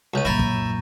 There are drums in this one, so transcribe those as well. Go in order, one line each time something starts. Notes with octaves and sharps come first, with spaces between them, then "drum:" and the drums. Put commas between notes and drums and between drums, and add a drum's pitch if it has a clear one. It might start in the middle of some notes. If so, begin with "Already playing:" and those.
C#2 C#6 G6 D#7
F#2 A#2 E4 A#5 A6 A#6
drum: kick